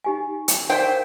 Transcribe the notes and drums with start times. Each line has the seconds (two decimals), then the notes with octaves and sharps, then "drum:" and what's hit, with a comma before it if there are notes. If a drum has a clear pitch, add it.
0.04 D#4 G4 G#5
0.48 drum: hi-hat
0.70 A#4 C5 D5 F5 G5